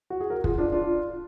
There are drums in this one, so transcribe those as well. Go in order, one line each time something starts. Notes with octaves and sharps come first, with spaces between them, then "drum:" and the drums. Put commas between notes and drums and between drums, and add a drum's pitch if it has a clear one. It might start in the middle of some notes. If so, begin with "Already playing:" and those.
F#4
G#4
F#4 A#4
F4 G#4, drum: kick
D4 F4
D4 F4